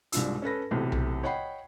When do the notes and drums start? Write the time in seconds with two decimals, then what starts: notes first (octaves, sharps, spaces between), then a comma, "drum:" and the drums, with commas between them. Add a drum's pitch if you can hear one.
0.12 C2 G#2 D4 F4 E6, drum: hi-hat
0.42 C#4 A4 B4 A#6
0.71 B1 A2 C3 E3
0.92 drum: tom B1
1.23 C#5 D#5 F#5 G5 B5 C7